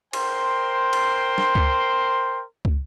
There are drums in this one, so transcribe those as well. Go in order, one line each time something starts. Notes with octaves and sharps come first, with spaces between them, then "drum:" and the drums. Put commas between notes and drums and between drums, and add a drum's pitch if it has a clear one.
A#4 C5 G5 C6, drum: cymbal
drum: cymbal
drum: snare
drum: kick
drum: kick